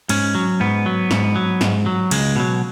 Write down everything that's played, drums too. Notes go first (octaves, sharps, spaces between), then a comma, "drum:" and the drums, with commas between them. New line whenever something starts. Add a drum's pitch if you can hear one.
G#2 C#4, drum: cymbal
F#3
G#2 B3
F#3
G#2, drum: snare
F#3
G#2, drum: snare
F#3
C#2 G#3, drum: cymbal
B2 F#3